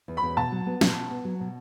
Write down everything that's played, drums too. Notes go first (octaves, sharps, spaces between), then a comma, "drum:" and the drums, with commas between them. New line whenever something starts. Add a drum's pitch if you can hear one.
E2
B5
E2
B2 A5
F#3
B3
B2, drum: snare
B2
B3
F#3
B2